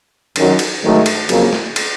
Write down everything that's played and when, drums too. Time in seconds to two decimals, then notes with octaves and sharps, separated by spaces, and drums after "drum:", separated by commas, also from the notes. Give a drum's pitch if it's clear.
0.36 F#2 D#3 F#3, drum: cymbal
0.59 drum: cymbal
0.82 G#2 D#3 F#3 A3
1.06 drum: cymbal
1.29 F2 C#3 F#3 A#3, drum: cymbal
1.53 drum: snare
1.76 drum: cymbal